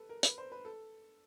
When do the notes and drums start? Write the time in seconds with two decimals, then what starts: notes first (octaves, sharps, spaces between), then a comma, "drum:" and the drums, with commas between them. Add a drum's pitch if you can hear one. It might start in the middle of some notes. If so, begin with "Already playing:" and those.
Already playing: A4 B4
0.09 A#4
0.23 B4, drum: hi-hat
0.38 C5
0.52 B4
0.65 A4